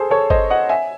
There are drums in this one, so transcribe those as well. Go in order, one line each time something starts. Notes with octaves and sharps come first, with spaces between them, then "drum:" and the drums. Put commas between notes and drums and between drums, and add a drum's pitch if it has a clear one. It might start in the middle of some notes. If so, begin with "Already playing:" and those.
Already playing: G#4 A4 C5
A4 C#5
C5 D#5, drum: kick G1
D#5 F#5
E5 G#5